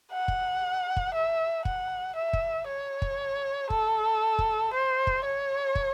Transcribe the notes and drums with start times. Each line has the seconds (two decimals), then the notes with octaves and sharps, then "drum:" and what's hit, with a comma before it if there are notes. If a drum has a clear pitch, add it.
0.12 F#5
0.28 drum: kick
0.97 drum: kick
1.14 E5
1.65 F#5, drum: kick
2.16 E5
2.33 drum: kick
2.67 C#5
3.02 drum: kick
3.70 A4, drum: kick
4.39 drum: kick
4.73 C5
5.07 drum: kick
5.25 C#5
5.75 drum: kick